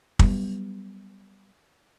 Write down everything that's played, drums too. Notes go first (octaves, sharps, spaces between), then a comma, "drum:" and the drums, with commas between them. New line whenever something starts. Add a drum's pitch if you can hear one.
F#3 G3 B3, drum: kick